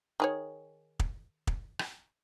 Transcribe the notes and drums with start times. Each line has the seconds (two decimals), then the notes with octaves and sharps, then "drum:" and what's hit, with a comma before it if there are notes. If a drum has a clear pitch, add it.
0.20 D#3 G#4 C#5
0.99 drum: kick
1.47 drum: kick
1.79 drum: rim click